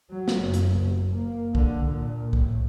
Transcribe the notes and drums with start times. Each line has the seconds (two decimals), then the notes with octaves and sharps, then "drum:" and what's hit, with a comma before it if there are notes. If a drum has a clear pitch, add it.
0.10 F#3
0.28 drum: snare
0.41 F#1
0.54 drum: hi-hat
0.79 F#1
1.16 A#3
1.55 D3, drum: kick
1.89 A#2
2.33 A2, drum: kick